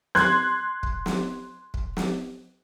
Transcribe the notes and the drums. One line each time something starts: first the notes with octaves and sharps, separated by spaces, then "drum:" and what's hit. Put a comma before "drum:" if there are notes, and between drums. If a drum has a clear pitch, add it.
C6 F#6 G#6, drum: snare
drum: kick
drum: snare
drum: kick
drum: snare